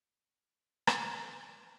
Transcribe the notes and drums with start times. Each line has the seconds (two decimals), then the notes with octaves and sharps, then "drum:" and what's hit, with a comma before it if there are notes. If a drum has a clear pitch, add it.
0.13 A#2 G3
0.87 drum: rim click
1.25 A1 C#5